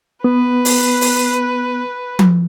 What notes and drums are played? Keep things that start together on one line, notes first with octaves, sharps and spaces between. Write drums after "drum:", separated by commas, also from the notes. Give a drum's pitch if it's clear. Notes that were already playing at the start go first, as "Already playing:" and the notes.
B3 B4
drum: open hi-hat
drum: open hi-hat
drum: tom F3